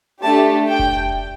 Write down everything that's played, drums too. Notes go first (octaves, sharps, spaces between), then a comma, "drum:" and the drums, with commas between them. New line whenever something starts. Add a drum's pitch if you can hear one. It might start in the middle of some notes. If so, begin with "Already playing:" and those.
A3 D4 G4 A5
G5
drum: kick F1